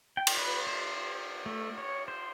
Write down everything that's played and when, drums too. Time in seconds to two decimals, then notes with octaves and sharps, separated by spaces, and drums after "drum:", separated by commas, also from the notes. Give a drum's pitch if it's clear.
0.17 G5
0.27 drum: cymbal
0.37 B4
0.67 C5
1.46 A3
1.78 C#5
2.08 C5